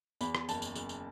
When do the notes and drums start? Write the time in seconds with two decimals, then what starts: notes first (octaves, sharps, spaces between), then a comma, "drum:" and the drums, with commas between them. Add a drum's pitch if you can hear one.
0.21 E2 B5, drum: tambourine
0.35 drum: rim click
0.49 F#1 A5, drum: tambourine
0.62 drum: tambourine
0.76 F#1, drum: tambourine
0.89 drum: tambourine